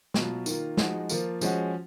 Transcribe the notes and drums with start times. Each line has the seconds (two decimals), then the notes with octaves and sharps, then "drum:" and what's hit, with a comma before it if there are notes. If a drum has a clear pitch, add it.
0.14 B2 F#3 B3 F4, drum: snare
0.46 D#3 A#3 F4, drum: tambourine
0.77 F3 G#3 D#4 F#4, drum: snare
1.09 F3 A#3 F4, drum: tambourine
1.41 F3 G#3 C#4 F#4, drum: tambourine